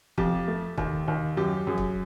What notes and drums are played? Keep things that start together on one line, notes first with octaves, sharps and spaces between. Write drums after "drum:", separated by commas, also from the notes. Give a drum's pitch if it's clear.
F2 G4, drum: kick
A3
D#2, drum: kick
D#2
F#2 G4
F#2 G#4
drum: kick